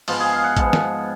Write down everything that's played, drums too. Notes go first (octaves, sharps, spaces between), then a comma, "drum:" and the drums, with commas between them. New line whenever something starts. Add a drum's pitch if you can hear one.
G#2 F3 B3 F4, drum: open hi-hat
G#4
F5
F#5
G#2 F3 B3, drum: kick A1, hi-hat
drum: snare